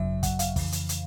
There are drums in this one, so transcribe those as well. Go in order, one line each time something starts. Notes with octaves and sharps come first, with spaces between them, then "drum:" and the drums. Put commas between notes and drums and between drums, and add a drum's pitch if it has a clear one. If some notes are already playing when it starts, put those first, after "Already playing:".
Already playing: G#1 F#2 C#3 F#3 E5
F#5, drum: kick, hi-hat
F5, drum: hi-hat
F2 C#3 E3, drum: kick, open hi-hat
drum: hi-hat
drum: hi-hat